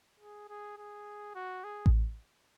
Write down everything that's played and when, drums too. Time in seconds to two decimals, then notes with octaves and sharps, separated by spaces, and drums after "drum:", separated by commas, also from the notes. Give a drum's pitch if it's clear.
0.20 G#4
0.49 G#4
0.78 G#4
1.35 F#4
1.64 G#4
1.86 drum: kick A1